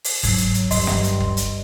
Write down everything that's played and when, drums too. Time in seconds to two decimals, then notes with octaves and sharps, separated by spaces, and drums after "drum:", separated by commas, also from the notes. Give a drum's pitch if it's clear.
0.04 drum: open hi-hat
0.23 G#2 F#3, drum: kick, open hi-hat
0.38 drum: hi-hat
0.54 drum: hi-hat
0.71 G2 D#5 C6, drum: kick, open hi-hat
0.87 drum: snare
1.04 drum: hi-hat
1.20 drum: kick
1.37 drum: hi-hat